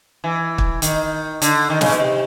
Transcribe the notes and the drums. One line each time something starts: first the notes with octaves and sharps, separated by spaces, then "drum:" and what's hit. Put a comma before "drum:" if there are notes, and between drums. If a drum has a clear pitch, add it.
E3
drum: kick
D#3, drum: hi-hat
D3, drum: hi-hat
D#3
C#3, drum: snare
B2
C3